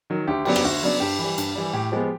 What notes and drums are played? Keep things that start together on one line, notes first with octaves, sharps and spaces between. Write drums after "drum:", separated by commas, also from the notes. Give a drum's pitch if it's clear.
D#3 F#3
D2 G4
C#3 F#3 B3 D4 G4, drum: cymbal
G4, drum: rim click
D2 F#4
C#3 F#3 B3 D4
G2 G4
E3 G3
G2, drum: hi-hat
E3 G3
A2 G4
F3 G#3 B3